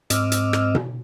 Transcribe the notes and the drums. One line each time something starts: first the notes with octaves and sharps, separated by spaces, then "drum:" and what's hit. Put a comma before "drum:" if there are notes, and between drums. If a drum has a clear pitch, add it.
G#2 C4 D#5 D6 E6 F6, drum: hi-hat
drum: hi-hat
drum: rim click
drum: tom B2